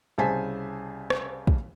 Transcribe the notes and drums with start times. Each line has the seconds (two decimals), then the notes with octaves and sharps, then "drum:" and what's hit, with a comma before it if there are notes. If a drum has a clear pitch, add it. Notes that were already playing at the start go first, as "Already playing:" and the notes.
0.18 C2 C#3 C5 G#5 A5 B6
1.10 drum: rim click
1.47 drum: kick